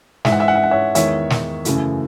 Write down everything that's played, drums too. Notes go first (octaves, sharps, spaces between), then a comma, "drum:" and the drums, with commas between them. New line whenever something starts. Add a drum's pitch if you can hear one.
G#2 E3 G#3 E5, drum: snare
F#5
E5
F#5
E5
F#5
C#5 E5
E2 D#3 G#3 C#5 E5, drum: hi-hat
drum: snare
F#2 C#3 E3 A3, drum: hi-hat